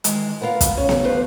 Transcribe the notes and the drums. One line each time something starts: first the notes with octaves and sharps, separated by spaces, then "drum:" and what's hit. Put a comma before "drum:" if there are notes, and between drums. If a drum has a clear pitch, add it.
D#3 E3 G#3, drum: hi-hat
B3 F4 A#4 B4 F#5
drum: kick, hi-hat
C#4
drum: snare B3
D#2 A3 G4 B4 C5